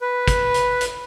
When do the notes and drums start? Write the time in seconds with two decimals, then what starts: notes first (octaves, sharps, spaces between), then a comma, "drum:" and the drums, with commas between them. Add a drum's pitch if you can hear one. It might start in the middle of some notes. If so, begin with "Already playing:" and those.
0.01 B4
0.28 drum: kick, hi-hat
0.54 drum: hi-hat
0.81 drum: hi-hat